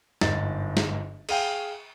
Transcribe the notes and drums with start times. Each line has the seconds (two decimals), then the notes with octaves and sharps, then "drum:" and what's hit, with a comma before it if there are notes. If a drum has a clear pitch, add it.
0.21 G1 G#2 A6, drum: snare
0.77 drum: snare
1.29 G#4 F5 G5, drum: cymbal